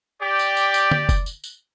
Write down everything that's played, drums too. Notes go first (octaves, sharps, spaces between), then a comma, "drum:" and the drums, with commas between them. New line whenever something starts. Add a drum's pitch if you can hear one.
G4 D5
drum: tambourine
drum: tambourine
drum: tambourine
drum: tom D3
drum: kick F1, tambourine
drum: tambourine
drum: tambourine